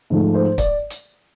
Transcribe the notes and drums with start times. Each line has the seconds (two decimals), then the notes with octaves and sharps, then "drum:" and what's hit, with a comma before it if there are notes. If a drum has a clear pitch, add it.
0.10 G#2 F3 A3
0.34 C5
0.58 D5, drum: kick, hi-hat
0.90 drum: hi-hat